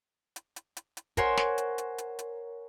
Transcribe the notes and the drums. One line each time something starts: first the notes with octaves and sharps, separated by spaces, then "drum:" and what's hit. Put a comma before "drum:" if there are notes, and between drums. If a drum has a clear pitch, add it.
drum: hi-hat
drum: hi-hat
drum: hi-hat
drum: hi-hat
A#4 C5 C#5 F#5 G#5 C6, drum: kick, hi-hat
drum: snare
drum: hi-hat
drum: hi-hat
drum: hi-hat
drum: hi-hat